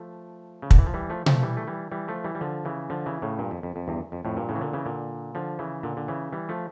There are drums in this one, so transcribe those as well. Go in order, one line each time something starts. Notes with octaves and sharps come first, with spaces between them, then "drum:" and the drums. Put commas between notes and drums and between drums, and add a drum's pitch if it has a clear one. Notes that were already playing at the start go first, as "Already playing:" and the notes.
Already playing: F3 A3
C#3
D3, drum: kick
E3
F3
E3 G3
F3 A3
F3 A3, drum: tom B2
E3 G3
A3
E3 G3
E3 G3
F3 A3
E3 G3
G3
D3 F3
C#3 E3
D3 F3
C#3 E3
A2 C#3
G2 A#2
F2
F2
F2
E2 G2
F2
F2 A2
G2 A#2
A2 C#3
E3
A#2 D3
C#3 E3
A#2 D3
D3 F3
C#3 E3
A#2 D3
D3
C#3 E3
E3 G3
F3 A3